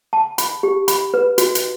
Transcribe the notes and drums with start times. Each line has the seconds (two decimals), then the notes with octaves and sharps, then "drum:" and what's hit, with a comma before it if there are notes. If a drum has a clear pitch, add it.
0.13 A5
0.38 B5, drum: hi-hat
0.63 G4
0.88 B5, drum: hi-hat
1.14 B4
1.38 F#4, drum: hi-hat
1.55 drum: hi-hat